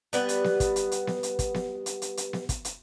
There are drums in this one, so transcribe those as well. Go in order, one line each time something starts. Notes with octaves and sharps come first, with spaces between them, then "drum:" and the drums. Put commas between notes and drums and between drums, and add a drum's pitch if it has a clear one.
G3 B3 B4, drum: hi-hat
drum: hi-hat
drum: snare B3
drum: kick, hi-hat
drum: hi-hat
drum: hi-hat
drum: snare B3
drum: hi-hat
drum: kick, hi-hat
drum: snare B3
drum: hi-hat
drum: hi-hat
drum: hi-hat
drum: snare B3
drum: kick, hi-hat
drum: hi-hat